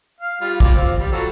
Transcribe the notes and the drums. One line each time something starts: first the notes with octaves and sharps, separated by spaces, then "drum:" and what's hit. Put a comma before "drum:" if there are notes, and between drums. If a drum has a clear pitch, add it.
F5
G3 F4
F4 D6, drum: kick
C4 F4
G3
F#3 F4 A4